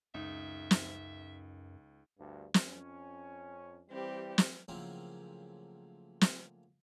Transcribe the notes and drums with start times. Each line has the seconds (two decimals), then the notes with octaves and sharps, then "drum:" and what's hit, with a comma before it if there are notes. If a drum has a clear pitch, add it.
0.14 C#2 F#2 D#4 E5
0.71 drum: snare
2.19 D2 G2
2.54 drum: snare
2.66 F2 C#4
3.90 E3 G3 C4 G4
4.38 drum: snare
4.68 A2 C#3 F3 F#3 A#3 C4
6.21 drum: snare